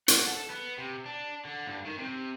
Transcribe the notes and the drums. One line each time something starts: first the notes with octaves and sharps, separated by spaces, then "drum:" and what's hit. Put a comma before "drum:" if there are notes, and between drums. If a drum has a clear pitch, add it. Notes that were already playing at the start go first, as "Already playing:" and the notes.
F#5, drum: hi-hat
A4
B3
C3
D4
D3
G2
D#3
C3